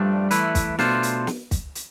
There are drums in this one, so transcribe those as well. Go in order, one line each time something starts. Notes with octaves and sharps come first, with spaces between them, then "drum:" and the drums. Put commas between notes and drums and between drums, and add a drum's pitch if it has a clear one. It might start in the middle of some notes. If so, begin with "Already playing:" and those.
Already playing: G2 F3 G3 A3 D4
E3 A3 E4 B4, drum: hi-hat
drum: kick, hi-hat
B2 A3 D4 F4 C5, drum: snare
drum: hi-hat
drum: snare
drum: kick, hi-hat
drum: hi-hat